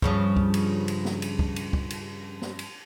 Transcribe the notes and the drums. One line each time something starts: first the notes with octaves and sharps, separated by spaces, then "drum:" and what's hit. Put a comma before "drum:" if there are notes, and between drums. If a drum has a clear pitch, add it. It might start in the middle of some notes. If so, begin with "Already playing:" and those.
G2 C#3 F3, drum: kick
drum: kick
drum: cymbal
drum: cymbal
drum: snare
drum: cymbal
drum: kick
drum: cymbal
drum: kick
drum: cymbal
drum: snare
drum: cymbal